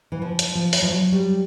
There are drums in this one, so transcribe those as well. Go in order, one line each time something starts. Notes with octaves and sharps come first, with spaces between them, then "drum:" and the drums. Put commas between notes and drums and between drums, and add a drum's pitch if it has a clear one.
E3
F3
drum: hi-hat
F3
drum: open hi-hat
F3
F#3
G3